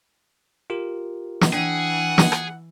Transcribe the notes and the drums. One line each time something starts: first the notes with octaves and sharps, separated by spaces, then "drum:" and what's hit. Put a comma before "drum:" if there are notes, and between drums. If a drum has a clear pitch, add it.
F4 G4 A#4
drum: snare
E3 D4 G#4 F#5 G5
drum: snare
drum: rim click